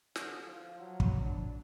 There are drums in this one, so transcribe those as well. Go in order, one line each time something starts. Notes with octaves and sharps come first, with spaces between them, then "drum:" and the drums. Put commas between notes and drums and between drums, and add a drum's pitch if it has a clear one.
D3, drum: snare
F3
F#3
drum: kick
D4